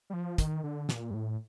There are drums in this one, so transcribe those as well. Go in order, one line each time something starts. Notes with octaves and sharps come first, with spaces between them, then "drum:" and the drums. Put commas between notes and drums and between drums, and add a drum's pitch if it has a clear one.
G3
F3
D#3, drum: kick, hi-hat
D3
A#2, drum: snare
G2
A2